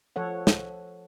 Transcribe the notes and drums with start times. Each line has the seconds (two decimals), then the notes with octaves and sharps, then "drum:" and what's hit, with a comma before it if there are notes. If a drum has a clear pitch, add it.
0.16 F3 A4 C#5 F#5
0.47 drum: snare